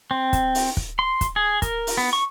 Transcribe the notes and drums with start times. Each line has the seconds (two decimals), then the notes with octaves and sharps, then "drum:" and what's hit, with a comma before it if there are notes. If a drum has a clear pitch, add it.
0.11 C4
0.33 drum: kick, hi-hat
0.55 drum: open hi-hat
0.77 drum: kick
0.99 C6
1.21 drum: kick, hi-hat
1.36 G#4
1.62 A#4, drum: kick, hi-hat
1.87 drum: open hi-hat
1.97 B3
2.13 C#6